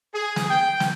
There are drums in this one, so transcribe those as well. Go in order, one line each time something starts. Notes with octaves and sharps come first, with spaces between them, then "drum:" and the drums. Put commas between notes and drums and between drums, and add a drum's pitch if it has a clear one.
G#4
drum: snare
G5
drum: snare